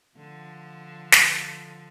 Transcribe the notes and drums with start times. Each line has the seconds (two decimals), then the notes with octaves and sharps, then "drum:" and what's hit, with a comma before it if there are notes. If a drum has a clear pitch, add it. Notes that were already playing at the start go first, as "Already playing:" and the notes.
0.17 D3 F3
1.12 drum: snare